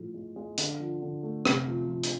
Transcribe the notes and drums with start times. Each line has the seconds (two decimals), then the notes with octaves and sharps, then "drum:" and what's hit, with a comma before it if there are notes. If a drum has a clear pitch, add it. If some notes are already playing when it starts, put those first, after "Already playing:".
Already playing: A2 F3
0.14 G#3
0.36 G#3
0.58 D3, drum: hi-hat
0.80 F3
1.02 D3
1.23 A3
1.45 C3, drum: rim click
1.68 F3
1.89 F3
2.03 drum: hi-hat